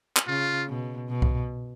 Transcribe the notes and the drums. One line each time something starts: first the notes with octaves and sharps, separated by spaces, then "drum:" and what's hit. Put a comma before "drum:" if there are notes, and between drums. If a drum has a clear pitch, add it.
drum: clap
C#3 F4
B2
B2
drum: kick C2